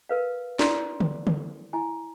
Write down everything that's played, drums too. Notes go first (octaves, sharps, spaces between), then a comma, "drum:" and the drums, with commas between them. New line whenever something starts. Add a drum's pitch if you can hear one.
A#4 B4 F5
E4 D5 C6, drum: snare
drum: tom D3
drum: tom D3
E4 G#5